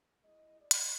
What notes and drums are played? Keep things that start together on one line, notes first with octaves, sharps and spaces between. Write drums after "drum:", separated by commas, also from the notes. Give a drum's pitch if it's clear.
G#3 E4 D#5
D5
drum: hi-hat